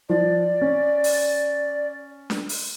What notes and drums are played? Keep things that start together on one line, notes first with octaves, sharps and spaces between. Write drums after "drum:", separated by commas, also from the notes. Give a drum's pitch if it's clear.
F3 D5
C#4
drum: open hi-hat
drum: snare D4
drum: open hi-hat